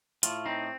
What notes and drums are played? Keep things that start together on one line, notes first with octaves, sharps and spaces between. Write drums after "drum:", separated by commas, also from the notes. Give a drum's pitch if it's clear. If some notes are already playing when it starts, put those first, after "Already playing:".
A2 F4, drum: hi-hat
C4 D#4